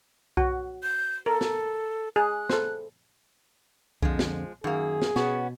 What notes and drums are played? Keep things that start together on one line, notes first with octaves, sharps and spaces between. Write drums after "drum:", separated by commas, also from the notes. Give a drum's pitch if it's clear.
F#4, drum: kick B1
G6
A4 A#4
drum: snare
G#4 F#6
A4 C5, drum: snare
F2 D3 F3 G#3, drum: kick B1
drum: snare
F#2 D#3 A#3 G#4
drum: snare
B2 B3 C#4 F#4, drum: snare